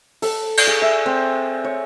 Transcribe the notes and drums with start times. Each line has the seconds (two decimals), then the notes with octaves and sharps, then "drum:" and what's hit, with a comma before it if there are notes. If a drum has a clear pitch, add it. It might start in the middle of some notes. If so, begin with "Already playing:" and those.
0.22 A4, drum: open hi-hat
0.57 drum: cymbal
0.67 G#4
0.82 E5
1.06 C4
1.64 C#5